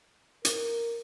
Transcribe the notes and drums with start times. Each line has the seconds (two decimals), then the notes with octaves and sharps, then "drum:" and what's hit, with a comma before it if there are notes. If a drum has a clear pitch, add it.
0.45 A#4, drum: hi-hat